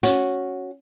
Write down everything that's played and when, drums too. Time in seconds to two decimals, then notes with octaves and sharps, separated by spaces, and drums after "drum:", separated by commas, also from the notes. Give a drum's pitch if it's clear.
0.03 C#4 F#4, drum: hi-hat